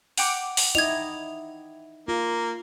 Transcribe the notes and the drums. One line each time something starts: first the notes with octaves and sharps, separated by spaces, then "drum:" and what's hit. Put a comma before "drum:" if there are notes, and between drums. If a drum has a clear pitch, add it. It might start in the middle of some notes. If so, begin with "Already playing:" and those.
F#5 G5 D6, drum: open hi-hat
drum: open hi-hat
D#4 E4 D#5 G#6 F7
A#3 F4